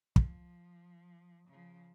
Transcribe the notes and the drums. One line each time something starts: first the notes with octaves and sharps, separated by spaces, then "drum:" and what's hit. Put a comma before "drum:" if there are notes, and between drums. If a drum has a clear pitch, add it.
F3, drum: kick
C#3 F3